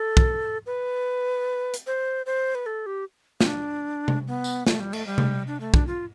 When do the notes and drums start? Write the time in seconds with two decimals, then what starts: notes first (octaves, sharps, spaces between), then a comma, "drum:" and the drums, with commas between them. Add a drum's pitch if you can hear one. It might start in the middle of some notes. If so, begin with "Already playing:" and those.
Already playing: A4
0.17 drum: kick
0.66 B4
1.74 drum: hi-hat
1.87 C5
2.26 C5
2.55 B4
2.66 A4
2.86 G4
3.41 C4, drum: snare
3.47 D4
4.08 drum: tom C3
4.28 B3
4.44 drum: tambourine
4.67 A3, drum: snare
4.80 G3
4.93 A3, drum: cymbal
5.07 G3
5.18 drum: tom C3
5.47 D4
5.60 A3
5.74 D4, drum: kick
5.87 F4